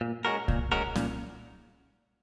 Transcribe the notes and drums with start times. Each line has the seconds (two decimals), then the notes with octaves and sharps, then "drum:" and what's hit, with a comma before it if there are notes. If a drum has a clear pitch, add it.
0.01 A#2
0.25 G#3 C#4 F#4 A#4
0.48 A#2, drum: kick C2
0.72 G#3 C#4 F#4 A#4
0.96 A#2, drum: snare C#4